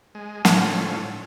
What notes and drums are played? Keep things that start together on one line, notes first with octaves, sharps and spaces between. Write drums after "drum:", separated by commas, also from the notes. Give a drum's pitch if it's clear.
G#3
A2 D3 F3 C#4, drum: snare